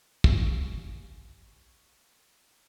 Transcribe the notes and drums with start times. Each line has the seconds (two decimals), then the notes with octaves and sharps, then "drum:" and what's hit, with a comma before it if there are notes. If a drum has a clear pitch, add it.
0.24 F4 G4 A4 G#5 C#6, drum: kick